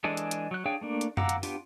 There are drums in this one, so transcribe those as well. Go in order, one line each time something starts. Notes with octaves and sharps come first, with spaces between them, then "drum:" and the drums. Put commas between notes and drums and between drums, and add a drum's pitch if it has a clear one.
E3 G#3 D4 G#4 A4
drum: hi-hat
drum: hi-hat
F#3 F#6
D4 G#4 C#5 F5 G5
A3 A#3 D4
drum: hi-hat
F5 F#5 A#5 D6 E6, drum: tom F#2
drum: hi-hat
B3 D4 F4 G4, drum: open hi-hat